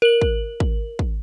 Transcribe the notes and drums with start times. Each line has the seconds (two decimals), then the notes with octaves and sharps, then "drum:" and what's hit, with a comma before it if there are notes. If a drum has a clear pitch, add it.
0.02 A#4 F#7
0.21 drum: kick
0.60 drum: kick
0.99 drum: kick